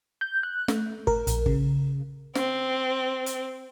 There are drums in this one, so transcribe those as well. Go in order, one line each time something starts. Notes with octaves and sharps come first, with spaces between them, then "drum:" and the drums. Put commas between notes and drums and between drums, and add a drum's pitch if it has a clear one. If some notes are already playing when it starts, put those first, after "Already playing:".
G6
F#6
A3, drum: snare
A#4, drum: kick G#1
A#1, drum: hi-hat
C#3, drum: kick G#1
C4, drum: snare
drum: hi-hat